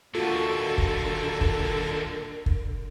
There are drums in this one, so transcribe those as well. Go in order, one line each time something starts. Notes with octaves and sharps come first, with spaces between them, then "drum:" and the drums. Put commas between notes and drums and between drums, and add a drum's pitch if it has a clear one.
D#2 A#2 D3 F4 F#4 A4 A#4
drum: kick
drum: kick
drum: kick